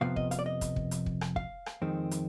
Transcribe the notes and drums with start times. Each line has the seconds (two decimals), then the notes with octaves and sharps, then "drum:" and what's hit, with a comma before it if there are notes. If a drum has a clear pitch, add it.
0.01 F2 C3 F3 B3 F5
0.16 D#5, drum: kick
0.31 F5, drum: hi-hat
0.39 D5
0.46 D#5
0.61 drum: kick, hi-hat
0.76 drum: kick
0.91 drum: hi-hat
1.06 drum: kick
1.21 drum: rim click
1.36 F5, drum: kick
1.66 drum: rim click
1.82 F2 D#3 G#3 C4
2.11 drum: hi-hat